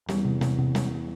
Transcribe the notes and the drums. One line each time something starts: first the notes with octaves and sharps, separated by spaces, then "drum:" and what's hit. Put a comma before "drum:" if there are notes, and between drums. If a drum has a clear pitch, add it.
E2 G3, drum: snare
C3
C3, drum: snare
C3
drum: snare